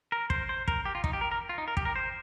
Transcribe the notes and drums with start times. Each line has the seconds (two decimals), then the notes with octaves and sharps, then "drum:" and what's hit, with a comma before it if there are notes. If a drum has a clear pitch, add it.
0.12 A#4
0.30 C5, drum: kick
0.49 C5
0.68 A#4, drum: kick
0.85 G4
0.95 F4
1.04 D#4, drum: kick
1.13 G4
1.21 A#4
1.32 A#4
1.49 F4
1.58 D#4
1.68 A#4
1.77 G4, drum: kick
1.85 A#4
1.96 C5